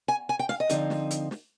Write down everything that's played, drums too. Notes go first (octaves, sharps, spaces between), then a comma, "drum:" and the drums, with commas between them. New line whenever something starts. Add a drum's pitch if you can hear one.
G#5
G#5
G5
F5, drum: snare
D#5
D3 F3 C4 D#4, drum: hi-hat
drum: snare
drum: hi-hat
drum: snare